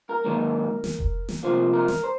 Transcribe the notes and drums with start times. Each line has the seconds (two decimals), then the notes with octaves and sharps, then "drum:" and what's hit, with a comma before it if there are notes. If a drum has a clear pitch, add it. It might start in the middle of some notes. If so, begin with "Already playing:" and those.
0.09 A#4
0.24 G#2 D#3 F#3 A#3
0.84 drum: snare
0.99 drum: kick F1
1.29 drum: snare
1.43 C2 C3 F3 A#3 C5
1.73 A#4
1.88 drum: snare
2.04 C5